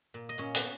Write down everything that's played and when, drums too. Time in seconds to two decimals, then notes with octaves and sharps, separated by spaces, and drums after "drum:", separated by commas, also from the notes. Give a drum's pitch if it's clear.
0.14 A#2
0.29 D#5
0.38 A#2 C#4 C#5
0.55 B3 B4, drum: hi-hat